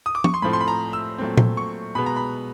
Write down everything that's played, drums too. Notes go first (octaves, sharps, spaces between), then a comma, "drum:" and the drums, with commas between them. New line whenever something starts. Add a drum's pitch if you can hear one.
D#6
D6
C#6, drum: tom
C6
A2 F3 A3 C4 B5
C6
B5
A#5
E6
A#2 F#3 A3 C4
drum: tom A#2
C#6
B2 G#3 B3 B5
A#5
B5